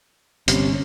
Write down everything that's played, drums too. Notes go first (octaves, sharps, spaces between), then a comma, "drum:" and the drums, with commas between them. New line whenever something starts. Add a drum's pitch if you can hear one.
G1 C3 C#4, drum: hi-hat